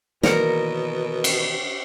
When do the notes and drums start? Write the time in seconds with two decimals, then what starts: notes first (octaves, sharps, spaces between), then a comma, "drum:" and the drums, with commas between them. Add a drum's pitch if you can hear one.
0.23 B2 D#3 E3 A#3 A#4 D5 C#7, drum: snare
1.24 drum: cymbal